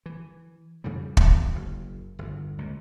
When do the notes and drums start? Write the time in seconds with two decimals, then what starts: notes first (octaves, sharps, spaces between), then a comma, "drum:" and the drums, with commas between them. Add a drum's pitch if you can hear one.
0.06 E3
0.84 F2 C#3 E3 G3
1.17 F#2 B2 D#3 G#3, drum: kick
1.55 F#1
2.19 G1 E2
2.58 C#2 A#2